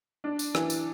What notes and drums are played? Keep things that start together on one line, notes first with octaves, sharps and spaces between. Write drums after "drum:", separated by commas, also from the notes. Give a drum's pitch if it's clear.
D4
drum: tambourine
E3, drum: rim click
drum: tambourine